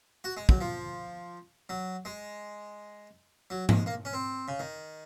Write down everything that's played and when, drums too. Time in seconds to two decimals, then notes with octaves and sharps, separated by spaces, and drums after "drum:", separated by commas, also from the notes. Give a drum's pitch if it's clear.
0.24 F#4
0.37 G#3
0.49 F#3, drum: kick
0.61 F3
1.69 F#3
2.05 G#3
3.50 F#3
3.69 G#3, drum: tom G#2
3.86 A#3
4.05 C#4
4.13 C4
4.48 C#3
4.60 D#3